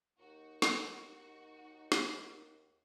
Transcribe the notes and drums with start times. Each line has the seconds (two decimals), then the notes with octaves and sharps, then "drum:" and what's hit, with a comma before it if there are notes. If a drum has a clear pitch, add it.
0.19 D#2 D#4 F#4
0.62 drum: snare
1.92 drum: snare